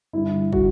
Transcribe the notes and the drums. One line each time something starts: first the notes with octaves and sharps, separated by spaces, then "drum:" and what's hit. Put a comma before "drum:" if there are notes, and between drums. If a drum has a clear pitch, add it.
G2 D3 G3 E4
D3 G3 F#4, drum: kick